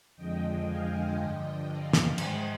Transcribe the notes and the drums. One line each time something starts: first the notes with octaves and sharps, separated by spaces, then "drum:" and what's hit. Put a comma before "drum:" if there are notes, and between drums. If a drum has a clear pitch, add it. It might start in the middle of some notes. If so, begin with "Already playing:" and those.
F2 D3 F3 G#3 D#5 G5
F5 G#5
G2 D3 F3 D#5 G5
D5 F5
drum: snare
G#2 D#3 G#3 C5 D#5, drum: cymbal